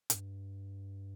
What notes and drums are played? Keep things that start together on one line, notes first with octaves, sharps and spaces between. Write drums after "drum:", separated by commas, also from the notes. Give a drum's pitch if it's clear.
A#2, drum: hi-hat
G2